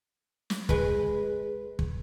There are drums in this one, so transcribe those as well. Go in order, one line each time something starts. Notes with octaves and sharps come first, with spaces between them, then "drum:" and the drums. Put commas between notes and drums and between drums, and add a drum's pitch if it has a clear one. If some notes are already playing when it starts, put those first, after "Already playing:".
drum: snare
G#3 B4, drum: kick
drum: kick